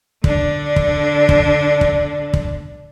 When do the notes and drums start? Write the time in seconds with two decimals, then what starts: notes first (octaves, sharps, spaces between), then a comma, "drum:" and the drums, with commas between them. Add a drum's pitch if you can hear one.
0.24 D3 D4, drum: kick
0.76 drum: kick
1.29 drum: kick
1.81 drum: kick
2.34 drum: kick